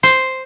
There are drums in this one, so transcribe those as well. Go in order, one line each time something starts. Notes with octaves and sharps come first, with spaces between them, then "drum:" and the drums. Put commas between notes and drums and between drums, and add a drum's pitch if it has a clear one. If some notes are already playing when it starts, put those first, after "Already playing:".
C5, drum: hi-hat